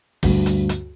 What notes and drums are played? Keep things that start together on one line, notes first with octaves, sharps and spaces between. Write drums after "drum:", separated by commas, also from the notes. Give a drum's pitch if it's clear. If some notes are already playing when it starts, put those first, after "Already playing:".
D2 G2, drum: kick, open hi-hat
drum: hi-hat
drum: hi-hat